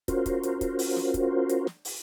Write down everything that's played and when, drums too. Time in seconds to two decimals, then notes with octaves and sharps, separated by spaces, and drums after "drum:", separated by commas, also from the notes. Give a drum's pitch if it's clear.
0.08 C#4 F4 F#4 A#4 C5, drum: kick, hi-hat
0.26 drum: kick, hi-hat
0.43 drum: hi-hat
0.61 drum: kick, hi-hat
0.79 drum: open hi-hat
0.96 drum: snare
1.14 drum: kick, hi-hat
1.49 drum: hi-hat
1.67 drum: snare
1.85 drum: open hi-hat